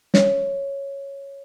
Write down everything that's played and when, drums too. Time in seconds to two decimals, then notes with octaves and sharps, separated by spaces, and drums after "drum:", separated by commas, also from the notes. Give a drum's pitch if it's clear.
0.14 C#5, drum: snare